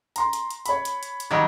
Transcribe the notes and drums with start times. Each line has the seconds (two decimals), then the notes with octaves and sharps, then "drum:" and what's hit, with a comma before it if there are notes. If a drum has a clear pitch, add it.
0.16 A#5 C6, drum: hi-hat
0.33 drum: hi-hat
0.51 drum: hi-hat
0.66 C#5 B5, drum: hi-hat
0.85 drum: hi-hat
1.03 drum: hi-hat
1.20 drum: hi-hat
1.31 D#3 F#3 G3 G#6